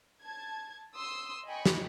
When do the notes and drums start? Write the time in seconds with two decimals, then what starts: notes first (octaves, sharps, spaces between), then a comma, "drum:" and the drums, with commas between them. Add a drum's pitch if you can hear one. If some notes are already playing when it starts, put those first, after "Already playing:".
0.22 A5 G#6
0.95 C6 D#6 E6
1.48 D#5 G5 G#5 B5 C#6
1.65 drum: snare